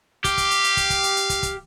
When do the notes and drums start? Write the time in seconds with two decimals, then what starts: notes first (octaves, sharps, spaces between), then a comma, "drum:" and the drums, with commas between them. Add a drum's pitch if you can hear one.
0.24 G4 F5, drum: kick, hi-hat
0.38 drum: kick, hi-hat
0.51 drum: hi-hat
0.64 drum: hi-hat
0.77 drum: kick, hi-hat
0.90 drum: kick, hi-hat
1.03 drum: hi-hat
1.16 drum: hi-hat
1.30 drum: kick, hi-hat
1.43 drum: kick, hi-hat